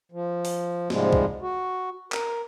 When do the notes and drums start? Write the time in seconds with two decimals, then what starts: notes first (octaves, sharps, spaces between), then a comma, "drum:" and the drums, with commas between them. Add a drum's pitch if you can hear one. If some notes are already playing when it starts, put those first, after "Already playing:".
0.12 F3
0.45 drum: open hi-hat
0.90 G#2 C3 F3 G3 G#3, drum: snare
1.13 drum: kick
1.42 F#4
2.12 A#4, drum: clap